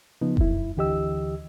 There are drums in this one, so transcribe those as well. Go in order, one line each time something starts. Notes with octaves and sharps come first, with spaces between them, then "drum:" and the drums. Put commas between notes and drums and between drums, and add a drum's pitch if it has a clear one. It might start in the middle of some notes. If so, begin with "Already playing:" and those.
C#3 F3 B3 D#4
F#2 E4, drum: kick F1
D2 D3 E3 G4 D#5 E6